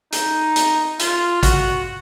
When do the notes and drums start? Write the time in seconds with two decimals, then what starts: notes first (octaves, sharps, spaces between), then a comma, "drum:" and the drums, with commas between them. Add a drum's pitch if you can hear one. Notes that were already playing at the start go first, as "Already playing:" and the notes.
0.12 D#4, drum: hi-hat
0.56 drum: hi-hat
0.99 F4, drum: hi-hat
1.43 F#4, drum: kick A1, hi-hat